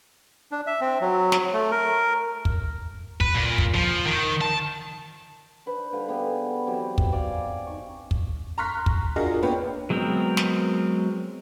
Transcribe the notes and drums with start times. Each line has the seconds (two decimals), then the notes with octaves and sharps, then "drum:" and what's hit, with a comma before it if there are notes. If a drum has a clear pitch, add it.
0.52 D4
0.67 E5
0.81 C4
1.01 F#3
1.32 drum: snare
1.54 A3
1.71 A#4
2.45 drum: kick
3.21 B4, drum: kick
3.35 A#2
3.58 drum: kick
3.74 F3
4.07 D#3
4.42 A5
5.66 D4 B4 C5
5.92 D3 G3 B4 F5
6.08 B3 G4 G#4 B5
6.66 E3 F#3 C4 G4
6.98 drum: kick
7.13 D5 F5 G#5
7.67 D#4 C#6
8.11 drum: kick
8.58 A#5 C6 C#6 F6 F#6 B6
8.86 drum: kick
9.16 D4 F4 F#4 G#4 A#4 D#5
9.42 A#3 B3 D4 B4 C#5 G5
9.90 F#3 G#3 B3 C4 A#4
10.37 drum: snare